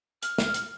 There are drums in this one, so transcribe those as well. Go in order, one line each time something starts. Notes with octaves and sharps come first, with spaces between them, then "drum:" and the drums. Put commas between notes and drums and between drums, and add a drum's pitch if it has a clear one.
F6, drum: hi-hat
drum: snare
drum: hi-hat